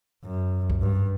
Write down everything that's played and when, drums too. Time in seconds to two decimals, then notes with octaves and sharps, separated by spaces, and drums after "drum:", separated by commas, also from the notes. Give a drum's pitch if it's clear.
0.25 F#2
0.70 drum: kick C2
0.81 G2